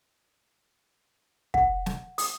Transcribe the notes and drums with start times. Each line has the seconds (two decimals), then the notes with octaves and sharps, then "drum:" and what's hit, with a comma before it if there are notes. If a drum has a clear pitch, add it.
1.54 F#5, drum: kick
1.86 drum: snare
2.18 D#6, drum: open hi-hat